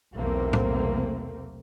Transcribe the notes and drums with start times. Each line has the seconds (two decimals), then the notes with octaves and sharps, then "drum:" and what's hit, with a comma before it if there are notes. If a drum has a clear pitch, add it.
0.15 B1 E2 C3 A3 A#3 C4
0.53 drum: tom A2